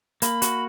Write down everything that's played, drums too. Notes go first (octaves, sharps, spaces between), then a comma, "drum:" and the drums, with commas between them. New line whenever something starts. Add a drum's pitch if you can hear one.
A#3 B5, drum: hi-hat
F#4, drum: hi-hat